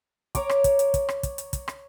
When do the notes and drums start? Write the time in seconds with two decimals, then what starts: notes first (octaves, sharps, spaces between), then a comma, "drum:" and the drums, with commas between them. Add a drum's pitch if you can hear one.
0.35 C#5 A#5 D6, drum: kick, hi-hat
0.49 drum: rim click
0.64 drum: kick, hi-hat
0.79 drum: hi-hat
0.94 drum: kick, hi-hat
1.09 drum: rim click
1.23 drum: kick, hi-hat
1.38 drum: hi-hat
1.53 drum: kick, hi-hat
1.68 drum: rim click